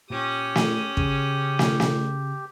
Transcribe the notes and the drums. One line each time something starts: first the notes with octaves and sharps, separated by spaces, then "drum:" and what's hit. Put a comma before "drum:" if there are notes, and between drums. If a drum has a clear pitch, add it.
A#2 C#4 G4 D#6
drum: snare
C#3, drum: kick
drum: snare
drum: snare